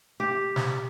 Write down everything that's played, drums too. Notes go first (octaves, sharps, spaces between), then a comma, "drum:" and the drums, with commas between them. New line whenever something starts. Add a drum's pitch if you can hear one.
G4
drum: snare